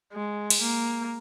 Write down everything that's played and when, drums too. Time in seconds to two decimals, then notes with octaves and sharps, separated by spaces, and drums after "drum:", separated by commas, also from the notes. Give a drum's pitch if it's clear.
0.13 G#3
0.50 drum: cymbal
0.61 A#3